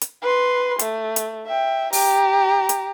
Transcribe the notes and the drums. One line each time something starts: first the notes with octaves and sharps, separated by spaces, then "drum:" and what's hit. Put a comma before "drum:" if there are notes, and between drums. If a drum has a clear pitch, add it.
drum: hi-hat
B4 C6
A3, drum: hi-hat
drum: hi-hat
E5 G5
G4 A#5, drum: open hi-hat
drum: hi-hat